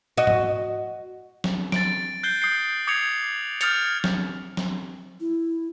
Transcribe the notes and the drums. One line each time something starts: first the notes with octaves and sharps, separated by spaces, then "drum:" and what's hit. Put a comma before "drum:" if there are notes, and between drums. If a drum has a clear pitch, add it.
F#4 D#5
drum: tom G#2
drum: snare
A6 D7, drum: snare
F#6 G6 C7 G7
D#6 G6 C7
D6 D#6 G#6 C7 C#7 F7
D#6 F6 G6 A6 C#7 F7, drum: hi-hat
drum: snare
drum: snare
E4